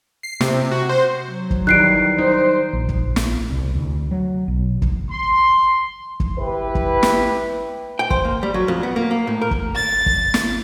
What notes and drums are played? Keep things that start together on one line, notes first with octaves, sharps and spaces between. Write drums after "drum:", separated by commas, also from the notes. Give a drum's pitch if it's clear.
C7
C3, drum: snare
F#4
C5
F#3
drum: kick
D#3 E3 G3 F#6 C7 D7
D#4 C5
A#1
drum: kick
drum: snare
C2
D2
F#3
B1
drum: kick
C6
drum: kick
E4 G4 B4
drum: kick
drum: snare
G5
C5, drum: kick
A#3
G3
F#3
F2
B3
A#3
A#3
A2
A#4
drum: kick
A6
drum: kick
drum: snare